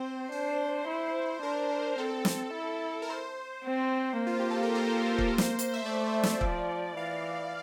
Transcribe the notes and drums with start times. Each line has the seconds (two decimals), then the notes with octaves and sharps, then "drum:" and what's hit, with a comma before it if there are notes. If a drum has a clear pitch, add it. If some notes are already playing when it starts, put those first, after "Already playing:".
Already playing: C4 C5
0.32 D4 C5
0.88 E4
1.43 D4 A#4
1.98 C4 A4
2.25 drum: snare
2.54 E4
3.02 A#4
3.10 C5
3.65 C4
4.20 A#3
4.27 F4
4.39 G4
4.50 A4
4.62 A#4
4.75 C5
5.18 drum: kick
5.38 drum: snare
5.59 drum: hi-hat
5.73 E5
5.86 A3 D5
6.23 drum: snare
6.41 F3, drum: kick
6.97 E3 F5